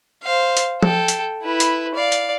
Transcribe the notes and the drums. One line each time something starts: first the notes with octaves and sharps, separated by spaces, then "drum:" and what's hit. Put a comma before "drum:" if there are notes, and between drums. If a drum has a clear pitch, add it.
C5 F5
drum: hi-hat
A4 G5, drum: tom F3
drum: hi-hat
E4 B4
drum: hi-hat
D5 F5
drum: hi-hat